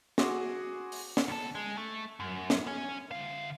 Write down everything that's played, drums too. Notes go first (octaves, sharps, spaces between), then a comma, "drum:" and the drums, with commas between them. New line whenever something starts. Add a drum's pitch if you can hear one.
F#4 G#4 C6 D6, drum: snare
drum: open hi-hat
drum: snare
D2 A4
G#3
A3
F#2
drum: snare
C#4
D3 F5